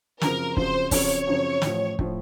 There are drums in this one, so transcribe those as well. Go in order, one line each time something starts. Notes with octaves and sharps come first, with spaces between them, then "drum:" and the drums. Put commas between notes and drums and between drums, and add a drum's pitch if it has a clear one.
F#2 C#3 F3 C4 A#4, drum: snare
F#2 C#3 F3 C4 C5, drum: kick
F#2 C#3 F3 C4 C#5, drum: kick, open hi-hat
F#2 C#3 F3 C4
A1 A2 F3, drum: snare
A2 F3, drum: kick